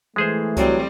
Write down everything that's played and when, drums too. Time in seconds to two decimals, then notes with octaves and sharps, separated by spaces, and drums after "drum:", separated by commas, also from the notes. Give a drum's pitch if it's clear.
0.16 E3 G#3 A3 G#4 C5
0.57 F#3 G3 C4, drum: kick C2, hi-hat